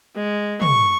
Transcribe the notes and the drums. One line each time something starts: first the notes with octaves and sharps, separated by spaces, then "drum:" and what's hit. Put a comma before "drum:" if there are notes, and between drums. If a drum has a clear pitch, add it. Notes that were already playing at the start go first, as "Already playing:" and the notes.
G#3
C#6, drum: tom